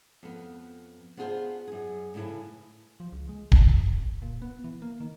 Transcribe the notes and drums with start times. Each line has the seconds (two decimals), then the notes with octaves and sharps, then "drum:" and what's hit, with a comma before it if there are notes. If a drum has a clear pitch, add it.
0.23 F2 B3
1.17 B3 D4 F4 G#4 A#4 C5
1.68 F#2 G#4
2.15 A2 C#3 E4 B4 G#5
3.00 F3
3.12 C#2
3.29 G#3
3.52 C2, drum: kick D1
3.71 A1
3.97 C2
4.22 A#2
4.42 B3
4.64 E3
4.82 A#3
5.00 D#3